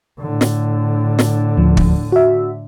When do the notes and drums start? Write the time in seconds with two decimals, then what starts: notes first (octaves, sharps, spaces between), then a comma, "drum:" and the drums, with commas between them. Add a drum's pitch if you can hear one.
0.20 A2 D3
0.41 drum: snare
1.19 drum: snare
1.58 D2 F3
1.77 drum: kick
2.12 F#4 E5